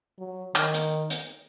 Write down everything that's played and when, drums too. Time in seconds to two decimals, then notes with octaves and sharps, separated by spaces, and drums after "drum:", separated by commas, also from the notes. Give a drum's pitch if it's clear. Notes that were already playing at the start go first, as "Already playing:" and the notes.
0.19 F#3
0.55 D#3, drum: clap
0.74 drum: hi-hat
1.10 drum: hi-hat